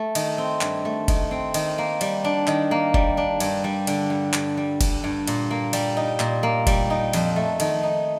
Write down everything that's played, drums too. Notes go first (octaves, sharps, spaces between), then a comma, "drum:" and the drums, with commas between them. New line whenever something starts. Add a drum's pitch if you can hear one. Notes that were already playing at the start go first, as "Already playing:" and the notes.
Already playing: A3
D#3, drum: cymbal
C4
G2, drum: clap
A3
D#3, drum: kick F1, cymbal
C4
D#3, drum: cymbal
A#3
G3, drum: cymbal
D4
D#3, drum: clap
A#3
G3, drum: kick F1
D4
G2, drum: cymbal
G3
D3, drum: cymbal
G2
G2, drum: clap
G3
D3, drum: kick F1, cymbal
G2
A#2, drum: cymbal
A#3
G3, drum: cymbal
D#4
A#2, drum: clap
A#3
G3, drum: kick F1, cymbal
D#4
F2, drum: cymbal
A3
D#3, drum: cymbal
D#4